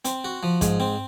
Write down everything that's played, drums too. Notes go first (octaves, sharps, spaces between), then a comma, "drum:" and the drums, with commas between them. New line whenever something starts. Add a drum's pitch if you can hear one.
C4, drum: hi-hat
F#4
F3
G#2, drum: kick, hi-hat
C4